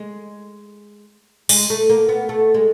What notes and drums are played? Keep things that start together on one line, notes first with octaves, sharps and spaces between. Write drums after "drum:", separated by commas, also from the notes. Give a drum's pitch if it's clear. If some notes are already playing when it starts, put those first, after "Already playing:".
Already playing: G#3
G#3, drum: open hi-hat
A3
A#3
B3
A3
G#3